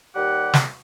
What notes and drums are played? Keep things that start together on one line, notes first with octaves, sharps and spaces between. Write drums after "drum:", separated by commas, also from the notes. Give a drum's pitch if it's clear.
D#2 G3 G4 F#5
drum: snare